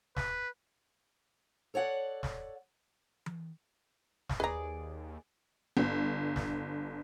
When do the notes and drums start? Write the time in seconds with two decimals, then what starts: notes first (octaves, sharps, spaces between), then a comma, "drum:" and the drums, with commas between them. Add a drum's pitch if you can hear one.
0.16 B4, drum: snare
1.74 A4 C#5 D5 F#5
2.23 drum: snare
3.26 drum: tom E3
4.29 drum: snare
4.40 D#2 G#4 B4 D5 A#5
5.77 G1
6.36 drum: snare